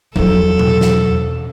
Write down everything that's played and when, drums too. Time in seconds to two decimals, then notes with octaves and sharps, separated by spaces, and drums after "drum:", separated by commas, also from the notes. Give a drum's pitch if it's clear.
0.16 E2 F#3 A4, drum: tom F3
0.59 drum: tom B2
0.81 drum: snare